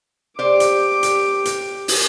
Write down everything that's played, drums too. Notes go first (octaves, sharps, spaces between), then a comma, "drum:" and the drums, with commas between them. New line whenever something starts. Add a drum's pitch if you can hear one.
G4 C5 D5 D6
drum: hi-hat
drum: hi-hat
drum: hi-hat
drum: open hi-hat